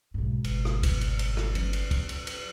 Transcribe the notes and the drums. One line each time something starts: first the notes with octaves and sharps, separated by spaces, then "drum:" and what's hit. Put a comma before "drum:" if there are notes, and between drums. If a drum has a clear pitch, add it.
B1 G#2
G1, drum: cymbal
drum: rim click
drum: kick, cymbal
drum: cymbal
drum: cymbal
drum: rim click
F#3 C#4, drum: cymbal
drum: cymbal
drum: kick, cymbal
drum: cymbal
drum: cymbal